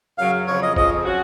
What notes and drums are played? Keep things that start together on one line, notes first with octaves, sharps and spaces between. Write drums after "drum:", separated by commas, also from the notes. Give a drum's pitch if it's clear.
F#2 C#3 F#3 F5
F2 C#3 F3 C#5
D#5
F2 C#3 F3 D#5, drum: kick F#1
F#3 C#4 F#4